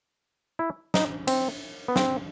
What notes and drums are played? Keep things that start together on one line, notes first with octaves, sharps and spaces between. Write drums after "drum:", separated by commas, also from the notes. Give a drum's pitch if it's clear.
E4
D#4, drum: snare
C4, drum: cymbal
B3
C4, drum: snare